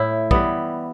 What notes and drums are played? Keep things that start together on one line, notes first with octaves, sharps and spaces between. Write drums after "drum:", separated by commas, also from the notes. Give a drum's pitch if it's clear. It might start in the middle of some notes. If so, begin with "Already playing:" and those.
Already playing: A2 E4
E3 G3 B3, drum: kick